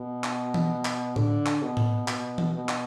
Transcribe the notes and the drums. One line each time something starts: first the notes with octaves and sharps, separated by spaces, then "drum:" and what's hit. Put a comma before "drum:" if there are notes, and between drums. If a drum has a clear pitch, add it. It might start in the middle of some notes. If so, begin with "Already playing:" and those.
Already playing: B2
drum: clap
drum: tom E3
drum: clap
D3, drum: tom A2
drum: clap
B2
drum: tom A2
B2, drum: clap
drum: tom E3
B2
drum: clap